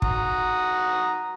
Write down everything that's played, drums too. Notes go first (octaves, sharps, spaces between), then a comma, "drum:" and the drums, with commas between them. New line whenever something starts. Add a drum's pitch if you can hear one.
F#4 A#5 D#6, drum: kick